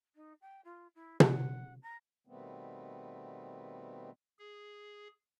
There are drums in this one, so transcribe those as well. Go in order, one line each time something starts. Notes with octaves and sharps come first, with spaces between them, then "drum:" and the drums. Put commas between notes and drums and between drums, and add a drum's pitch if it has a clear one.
D#4
G5
F4
E4
F#5, drum: tom
A#5
B2 D#3 G3 A3 B3 C4
G#4